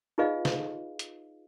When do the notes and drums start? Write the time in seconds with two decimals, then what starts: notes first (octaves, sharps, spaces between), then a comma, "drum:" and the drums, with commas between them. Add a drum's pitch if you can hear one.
0.18 D#4 F4 G#4 B4 D#5 F5
0.45 drum: snare
0.99 drum: hi-hat